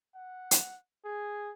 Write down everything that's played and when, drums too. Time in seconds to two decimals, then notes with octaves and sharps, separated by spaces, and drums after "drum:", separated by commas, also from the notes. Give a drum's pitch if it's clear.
0.15 F#5
0.51 drum: hi-hat
1.05 G#4